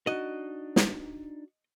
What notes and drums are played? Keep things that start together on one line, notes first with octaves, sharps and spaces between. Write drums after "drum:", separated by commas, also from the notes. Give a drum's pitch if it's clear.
D4 D#4 F#4 D#5
drum: snare